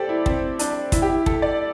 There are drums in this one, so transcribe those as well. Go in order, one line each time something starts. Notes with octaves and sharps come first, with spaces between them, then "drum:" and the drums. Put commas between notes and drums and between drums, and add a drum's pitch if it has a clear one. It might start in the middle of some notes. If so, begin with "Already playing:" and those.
Already playing: G4 A4 C5 D5
E4
C4, drum: kick
D4, drum: hi-hat
E4, drum: kick, hi-hat
G4
E4
A4, drum: kick
D5